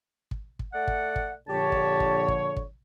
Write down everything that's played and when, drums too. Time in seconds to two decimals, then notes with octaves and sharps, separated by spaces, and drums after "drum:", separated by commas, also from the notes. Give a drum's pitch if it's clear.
0.31 drum: kick
0.59 drum: kick
0.73 A3 D5 F#5
0.87 drum: kick
1.16 drum: kick
1.49 A#1 D3 G4 C#5 A5
1.72 drum: kick
2.00 drum: kick
2.28 drum: kick
2.56 drum: kick